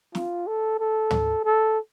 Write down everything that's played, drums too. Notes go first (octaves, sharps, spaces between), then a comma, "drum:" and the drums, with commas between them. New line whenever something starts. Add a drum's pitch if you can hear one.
F4, drum: snare
A4
A4
drum: tom
A4